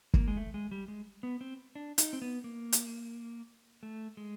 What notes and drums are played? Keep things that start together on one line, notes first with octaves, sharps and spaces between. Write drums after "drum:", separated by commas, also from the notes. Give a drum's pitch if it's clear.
A#3, drum: kick
G#3
A3
G#3
G3
G#3
B3
C4
D4
D#4, drum: hi-hat
C4
B3
A#3
drum: hi-hat
A3
G#3